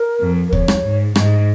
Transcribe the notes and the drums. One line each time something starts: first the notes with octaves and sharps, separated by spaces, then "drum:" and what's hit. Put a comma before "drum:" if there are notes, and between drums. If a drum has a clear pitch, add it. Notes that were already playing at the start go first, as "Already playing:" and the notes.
Already playing: A#4
F2
A#4
F2 C#5, drum: kick
drum: rim click
G#2
G#2 D#5, drum: rim click